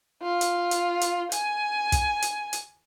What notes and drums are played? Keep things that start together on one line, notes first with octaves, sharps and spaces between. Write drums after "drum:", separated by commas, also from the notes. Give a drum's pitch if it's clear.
F4
drum: hi-hat
drum: hi-hat
drum: hi-hat
G#5, drum: hi-hat
drum: kick, hi-hat
drum: hi-hat
drum: hi-hat